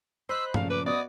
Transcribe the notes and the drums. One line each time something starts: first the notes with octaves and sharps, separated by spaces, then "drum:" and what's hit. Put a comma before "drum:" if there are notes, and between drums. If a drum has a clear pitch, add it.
C5 D#5 B5 E6 F#6
A#2 C#3 F3 A3 F5, drum: tom G2
B4 D6
B3 F#4 D5 D#5 D#6